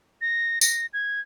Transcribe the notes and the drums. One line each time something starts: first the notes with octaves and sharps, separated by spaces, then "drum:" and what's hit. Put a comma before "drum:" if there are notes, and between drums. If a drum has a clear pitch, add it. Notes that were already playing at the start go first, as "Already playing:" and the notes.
A#6
A#6, drum: tambourine
G#6